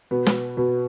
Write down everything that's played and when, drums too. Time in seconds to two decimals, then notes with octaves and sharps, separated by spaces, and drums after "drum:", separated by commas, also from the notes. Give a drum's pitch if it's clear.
0.11 B2 B3
0.26 drum: snare
0.57 B2 B3